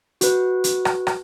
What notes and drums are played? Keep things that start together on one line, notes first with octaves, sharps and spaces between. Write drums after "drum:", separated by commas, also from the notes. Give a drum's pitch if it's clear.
F#4 B4, drum: hi-hat
drum: hi-hat
drum: rim click
drum: rim click